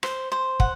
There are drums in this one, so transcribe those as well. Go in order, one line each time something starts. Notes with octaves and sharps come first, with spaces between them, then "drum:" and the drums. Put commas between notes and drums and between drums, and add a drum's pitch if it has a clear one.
C5, drum: rim click
C5
F#5, drum: kick